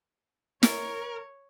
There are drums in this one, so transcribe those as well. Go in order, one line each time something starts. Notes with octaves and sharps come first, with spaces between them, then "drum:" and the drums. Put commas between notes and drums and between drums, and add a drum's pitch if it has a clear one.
A#4 C#5, drum: snare